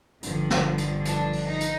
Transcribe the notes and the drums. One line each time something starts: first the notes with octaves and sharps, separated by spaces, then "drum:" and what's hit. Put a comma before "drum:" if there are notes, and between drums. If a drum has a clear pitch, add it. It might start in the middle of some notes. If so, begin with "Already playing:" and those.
G1 G2 D3 F3, drum: hi-hat
drum: snare
drum: hi-hat
D4, drum: hi-hat
drum: open hi-hat
D#4
drum: hi-hat